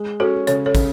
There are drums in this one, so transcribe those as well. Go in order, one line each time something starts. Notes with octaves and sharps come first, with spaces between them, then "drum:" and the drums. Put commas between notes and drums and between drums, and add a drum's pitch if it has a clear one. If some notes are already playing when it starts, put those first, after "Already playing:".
Already playing: G#3
C#4 F#4 A4
C#3 A4 C#5, drum: hi-hat
A4 C#5
C#3, drum: kick, hi-hat